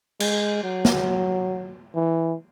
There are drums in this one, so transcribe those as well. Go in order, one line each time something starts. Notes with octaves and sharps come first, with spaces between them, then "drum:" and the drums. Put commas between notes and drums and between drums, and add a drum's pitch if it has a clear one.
G#3, drum: cymbal
F#3
drum: snare
E3